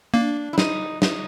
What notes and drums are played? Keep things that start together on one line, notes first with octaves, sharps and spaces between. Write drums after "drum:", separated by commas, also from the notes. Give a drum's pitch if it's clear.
A#3 D4
E4
D#4, drum: snare
D#4, drum: snare